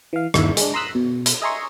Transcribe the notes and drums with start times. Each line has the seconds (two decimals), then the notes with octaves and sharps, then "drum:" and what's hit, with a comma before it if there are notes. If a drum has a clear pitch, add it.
0.13 E3 F5
0.34 G1 D#2 E4 E5, drum: rim click
0.57 G#3 D4, drum: hi-hat
0.74 A#5 C6 D#6 E6 F#6 B6
0.95 B2
1.26 drum: hi-hat
1.42 D#5 E5 G#5 A#5 C6 C#6